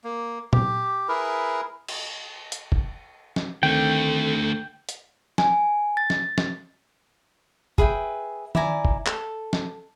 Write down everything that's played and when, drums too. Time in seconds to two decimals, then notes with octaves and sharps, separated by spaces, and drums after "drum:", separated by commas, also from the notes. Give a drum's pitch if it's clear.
0.04 A#3
0.53 G4, drum: tom A#2
1.08 E4 G#4 A#4 B4
1.88 drum: cymbal
2.52 drum: hi-hat
2.72 drum: kick
3.36 drum: snare
3.63 D3 D#3 A3 C4 G5
4.89 drum: hi-hat
5.38 G#5, drum: snare
5.97 A6
6.10 drum: snare
6.38 drum: snare
7.78 G#4 B4 E5 G5, drum: kick
8.55 E4 D5 G#5 A#5, drum: tom D#3
8.85 drum: kick
9.07 A4, drum: clap
9.53 drum: snare